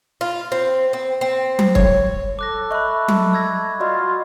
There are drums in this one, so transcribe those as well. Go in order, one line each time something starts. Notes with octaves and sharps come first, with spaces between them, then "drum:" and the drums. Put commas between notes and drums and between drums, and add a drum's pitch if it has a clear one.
F4
C4
C4
C4
drum: tom F#3
C#5, drum: kick
A4 D6 F#6 A#6
D#5 E5 B5 C#6 F#6
drum: tom F#3
E6 G#6 A#6
F4 F#4 D5 D#5